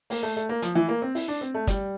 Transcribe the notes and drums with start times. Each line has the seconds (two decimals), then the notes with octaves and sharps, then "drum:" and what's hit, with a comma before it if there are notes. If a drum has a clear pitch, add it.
0.10 A#3, drum: open hi-hat
0.23 A3
0.37 A3
0.49 A#3
0.62 F3, drum: hi-hat
0.75 E3
0.89 A#3
1.02 C4
1.15 E4, drum: open hi-hat
1.28 D4
1.41 C4
1.54 A3
1.67 G3, drum: kick, hi-hat